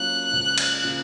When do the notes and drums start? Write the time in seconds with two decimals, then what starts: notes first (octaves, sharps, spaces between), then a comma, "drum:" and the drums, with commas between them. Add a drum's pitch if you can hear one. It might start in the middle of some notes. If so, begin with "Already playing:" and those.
Already playing: F#3 A#3 C#4 F4 F#6
0.32 C#2 C#3 F3
0.58 drum: cymbal
0.84 C#3 F3 A#3